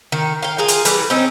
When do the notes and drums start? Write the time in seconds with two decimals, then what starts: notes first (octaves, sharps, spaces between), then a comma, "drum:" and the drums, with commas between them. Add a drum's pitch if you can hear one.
0.12 D#3
0.42 F5 G5
0.58 F4 G#4 A#4
0.68 drum: hi-hat
0.85 E3 G3 A3 D4, drum: hi-hat
1.10 C4 C#4 D#4